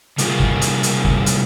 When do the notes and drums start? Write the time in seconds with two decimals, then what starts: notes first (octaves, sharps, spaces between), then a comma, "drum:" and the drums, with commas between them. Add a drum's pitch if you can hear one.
0.18 C3 G3 A#3 F4 F#4 G#4, drum: hi-hat
0.40 drum: kick
0.61 drum: hi-hat
0.83 drum: hi-hat
1.05 drum: kick
1.26 drum: hi-hat